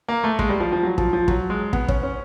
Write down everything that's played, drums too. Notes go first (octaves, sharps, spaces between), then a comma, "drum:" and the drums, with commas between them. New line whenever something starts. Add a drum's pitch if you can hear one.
A#3
A3
G#3, drum: kick
G3
F3
F3
F#3
F3, drum: kick
F3
F#3, drum: kick
G#3
B3, drum: kick
C#4, drum: kick
C#4